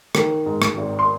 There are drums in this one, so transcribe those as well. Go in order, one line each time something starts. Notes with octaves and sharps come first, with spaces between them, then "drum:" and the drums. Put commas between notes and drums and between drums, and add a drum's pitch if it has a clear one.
D#3, drum: rim click
G#2
drum: rim click
G#1
C6